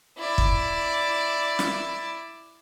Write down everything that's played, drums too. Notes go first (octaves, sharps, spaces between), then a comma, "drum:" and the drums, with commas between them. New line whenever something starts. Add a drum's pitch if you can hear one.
E4 D5
drum: kick
drum: snare